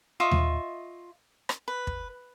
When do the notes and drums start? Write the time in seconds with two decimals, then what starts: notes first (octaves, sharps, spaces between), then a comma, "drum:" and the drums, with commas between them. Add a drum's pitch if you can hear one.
0.20 F4 D#5 E5 C#6
0.31 drum: tom D#2
1.49 drum: rim click
1.68 B4
1.87 drum: kick